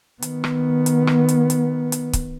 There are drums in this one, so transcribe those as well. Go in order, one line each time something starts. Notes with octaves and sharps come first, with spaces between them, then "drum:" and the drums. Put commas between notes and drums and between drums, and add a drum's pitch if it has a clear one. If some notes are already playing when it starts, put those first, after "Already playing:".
D#3 B3, drum: hi-hat
drum: rim click
drum: hi-hat
drum: rim click
drum: hi-hat
drum: hi-hat
drum: hi-hat
drum: kick, hi-hat